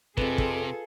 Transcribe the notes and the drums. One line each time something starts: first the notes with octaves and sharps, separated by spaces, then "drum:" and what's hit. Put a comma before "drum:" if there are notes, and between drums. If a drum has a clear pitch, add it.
F2 C3 F4 G#4 A4 B4, drum: kick
drum: kick